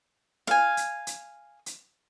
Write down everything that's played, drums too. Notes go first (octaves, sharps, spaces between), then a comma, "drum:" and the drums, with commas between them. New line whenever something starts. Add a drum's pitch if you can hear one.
F5 G#5, drum: snare
drum: hi-hat
drum: hi-hat
drum: hi-hat